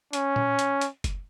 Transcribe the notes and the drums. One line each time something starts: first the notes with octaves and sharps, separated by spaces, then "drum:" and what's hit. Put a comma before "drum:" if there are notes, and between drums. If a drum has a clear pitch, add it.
C#4, drum: hi-hat
drum: tom A#2
drum: hi-hat
drum: hi-hat
drum: kick F#1, hi-hat